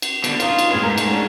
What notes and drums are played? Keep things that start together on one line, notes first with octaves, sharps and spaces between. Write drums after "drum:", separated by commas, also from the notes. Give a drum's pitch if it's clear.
drum: cymbal
B2 D3, drum: cymbal
C#4 D#4 F4, drum: cymbal
drum: cymbal
A2 G#3 F4 G#4 B4
G#2 A#4
A3, drum: cymbal
C#4 D4